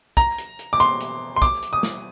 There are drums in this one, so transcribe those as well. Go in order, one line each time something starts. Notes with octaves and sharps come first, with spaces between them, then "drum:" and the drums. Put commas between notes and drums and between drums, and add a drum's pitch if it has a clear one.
A#5, drum: kick, hi-hat
drum: hi-hat
drum: hi-hat
D6
C6, drum: hi-hat
drum: hi-hat
C6
D6, drum: kick, hi-hat
drum: hi-hat
D#6
drum: snare